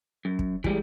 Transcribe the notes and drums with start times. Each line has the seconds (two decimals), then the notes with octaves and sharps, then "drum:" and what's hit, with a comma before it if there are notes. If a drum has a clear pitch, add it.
0.25 F#2
0.39 drum: kick
0.64 E3 G3 G#3, drum: kick